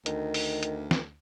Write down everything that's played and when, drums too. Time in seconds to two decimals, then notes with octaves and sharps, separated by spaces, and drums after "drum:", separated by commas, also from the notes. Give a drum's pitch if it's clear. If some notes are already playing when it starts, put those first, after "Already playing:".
0.06 D2 D#3, drum: hi-hat
0.34 drum: open hi-hat
0.63 drum: hi-hat
0.91 drum: snare